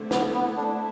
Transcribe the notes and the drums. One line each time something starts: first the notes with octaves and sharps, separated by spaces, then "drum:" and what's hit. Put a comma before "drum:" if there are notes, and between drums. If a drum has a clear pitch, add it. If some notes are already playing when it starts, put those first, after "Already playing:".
Already playing: D3 A3 C4 E4 A4
B3, drum: snare
B3
A3 C4 D4 E4